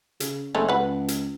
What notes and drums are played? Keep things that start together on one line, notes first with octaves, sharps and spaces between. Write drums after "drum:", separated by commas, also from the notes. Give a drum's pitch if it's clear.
C#3, drum: hi-hat
F#1 G#3 A3 C4
C#2 B4 F#5
drum: hi-hat